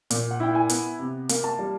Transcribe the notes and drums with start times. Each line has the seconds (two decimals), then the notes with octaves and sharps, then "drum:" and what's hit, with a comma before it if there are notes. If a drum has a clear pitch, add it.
0.10 A#2, drum: hi-hat
0.31 F#5
0.40 E4 G5
0.55 G#5
0.69 B3, drum: hi-hat
0.99 C3
1.29 A#3, drum: hi-hat
1.44 A5
1.59 G3